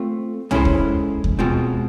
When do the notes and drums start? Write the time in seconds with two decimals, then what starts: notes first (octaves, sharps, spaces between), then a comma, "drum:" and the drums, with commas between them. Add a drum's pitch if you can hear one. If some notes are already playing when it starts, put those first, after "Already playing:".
Already playing: A3 C4 F4
0.51 G#3 C#4 E4 A4 C5, drum: tom
0.65 drum: kick D#2
1.24 drum: kick D#2
1.39 B2 G#3 C4 F4